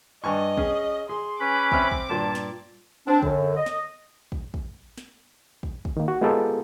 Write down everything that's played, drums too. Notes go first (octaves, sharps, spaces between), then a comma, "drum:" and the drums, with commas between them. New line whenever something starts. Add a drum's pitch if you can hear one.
G2 D#5 G#5 C#6
C#4 G#4, drum: kick
G#4 C6
C#4 B4 B5 D6
C4 E5 F6, drum: kick
drum: kick
G2 A#2 A5
drum: snare
C4 D4
F#2 D3, drum: kick
D#5
drum: snare
drum: kick
drum: kick
drum: snare
drum: kick
drum: kick
D#3 A#3
F#4
G#3 B3 F4 G4 A4 A#4